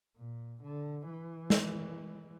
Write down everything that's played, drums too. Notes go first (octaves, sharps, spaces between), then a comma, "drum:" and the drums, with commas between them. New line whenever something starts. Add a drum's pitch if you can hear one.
A#2
D3
E3
drum: snare